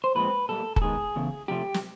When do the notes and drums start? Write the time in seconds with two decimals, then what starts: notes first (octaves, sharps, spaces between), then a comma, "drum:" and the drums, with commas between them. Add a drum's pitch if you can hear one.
0.04 C5
0.15 A#2 F3 G#3 C4 B4
0.49 A#2 G3 A#3 A4
0.76 A4, drum: kick
0.82 G#2 D#3 G#3 B3 G#4
1.16 E2 C#3 A3
1.48 F2 C3 F3 A3 G4
1.74 drum: snare